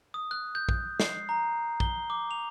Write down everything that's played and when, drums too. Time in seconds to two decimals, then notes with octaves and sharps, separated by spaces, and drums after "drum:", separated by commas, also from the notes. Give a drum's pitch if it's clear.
0.14 D#6
0.31 F#6
0.55 G6
0.69 drum: kick
1.00 C7, drum: snare
1.29 A#5
1.80 G7, drum: kick
2.10 D6
2.31 F7